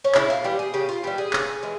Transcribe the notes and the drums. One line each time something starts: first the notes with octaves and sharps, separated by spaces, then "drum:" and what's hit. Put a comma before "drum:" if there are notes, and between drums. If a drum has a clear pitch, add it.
C#4
C#3 E4, drum: clap
F4
E3 G3 G4
G#4
C#3 G4
F4
E3 G3 G4
G#4
C#3, drum: clap
E3 G#3